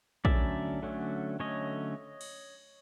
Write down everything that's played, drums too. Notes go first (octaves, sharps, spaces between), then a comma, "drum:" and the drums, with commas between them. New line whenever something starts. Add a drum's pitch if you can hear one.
D3 F#3 A3 C#4 D5 E5, drum: kick A#1
D3 F#3 A3 C#4
D3 F#3 A3 C#4 C#5 D#5
drum: cymbal